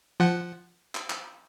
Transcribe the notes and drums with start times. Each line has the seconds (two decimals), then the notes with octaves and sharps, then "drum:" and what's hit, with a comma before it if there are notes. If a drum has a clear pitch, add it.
0.20 F3 F#5
0.95 drum: clap
1.10 drum: clap